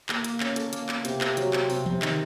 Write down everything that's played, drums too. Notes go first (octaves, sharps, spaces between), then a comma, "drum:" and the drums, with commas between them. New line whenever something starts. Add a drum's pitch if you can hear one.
A#3, drum: clap
A#3, drum: hi-hat
C#4, drum: clap
A4, drum: hi-hat
A#3, drum: hi-hat
A#3, drum: clap
C3, drum: hi-hat
C3, drum: clap
F#3, drum: hi-hat
C4, drum: clap
C3, drum: open hi-hat
C3, drum: tom E3
D#3, drum: clap